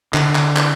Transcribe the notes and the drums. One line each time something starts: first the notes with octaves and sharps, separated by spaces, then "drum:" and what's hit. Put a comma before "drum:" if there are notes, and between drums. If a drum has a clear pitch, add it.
D3, drum: clap
drum: clap
drum: clap